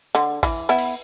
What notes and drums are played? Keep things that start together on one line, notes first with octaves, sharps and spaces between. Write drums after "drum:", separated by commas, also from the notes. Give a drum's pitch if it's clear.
D3
E3, drum: kick G#1, open hi-hat
B3 E4
drum: open hi-hat